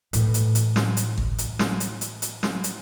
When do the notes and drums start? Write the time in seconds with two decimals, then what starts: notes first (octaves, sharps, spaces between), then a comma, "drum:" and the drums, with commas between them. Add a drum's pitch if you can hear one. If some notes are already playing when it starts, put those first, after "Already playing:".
0.13 A2 E3, drum: hi-hat
0.34 drum: hi-hat
0.55 drum: hi-hat
0.76 drum: snare
0.97 drum: hi-hat
1.18 drum: kick G#1
1.38 drum: hi-hat
1.59 drum: snare
1.80 drum: hi-hat
2.01 drum: hi-hat
2.22 drum: hi-hat
2.43 drum: snare
2.64 drum: hi-hat